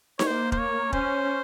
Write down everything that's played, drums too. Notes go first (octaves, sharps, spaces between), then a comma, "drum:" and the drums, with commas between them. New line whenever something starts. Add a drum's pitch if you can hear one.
C#5, drum: snare D#4
A#3 C5
C5, drum: kick
C#5
C#4 C5, drum: kick